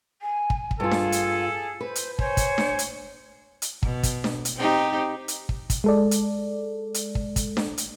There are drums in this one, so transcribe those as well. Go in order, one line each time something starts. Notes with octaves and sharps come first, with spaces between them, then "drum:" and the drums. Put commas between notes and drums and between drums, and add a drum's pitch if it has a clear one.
G#5
drum: kick
drum: kick
G2 F4 G#4 A4 F5
drum: snare D4
drum: hi-hat
B4 C5
drum: hi-hat
C5 C#5 G#5, drum: kick
drum: kick, hi-hat
drum: snare D4
drum: hi-hat
drum: hi-hat
B2, drum: kick
drum: kick, hi-hat
drum: snare D4
drum: hi-hat
C4 D#4 G4
drum: hi-hat
drum: kick
drum: kick, hi-hat
G#3 A4 D5
drum: hi-hat
drum: hi-hat
drum: kick
drum: kick, hi-hat
drum: snare D4
drum: hi-hat